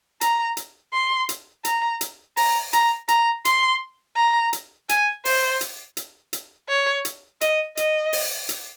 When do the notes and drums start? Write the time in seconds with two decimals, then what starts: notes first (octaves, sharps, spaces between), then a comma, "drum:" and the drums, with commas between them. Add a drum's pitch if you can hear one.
0.21 A#5, drum: hi-hat
0.57 drum: hi-hat
0.93 C6
1.29 drum: hi-hat
1.65 A#5, drum: hi-hat
2.01 drum: hi-hat
2.37 A#5, drum: open hi-hat
2.73 A#5, drum: hi-hat
3.08 A#5, drum: hi-hat
3.45 C6, drum: hi-hat
4.16 A#5
4.53 drum: hi-hat
4.89 G#5, drum: hi-hat
5.25 C5, drum: open hi-hat
5.61 drum: hi-hat
5.97 drum: hi-hat
6.33 drum: hi-hat
6.69 C#5
7.05 drum: hi-hat
7.41 D#5, drum: hi-hat
7.77 D#5, drum: hi-hat
8.13 drum: open hi-hat
8.49 drum: hi-hat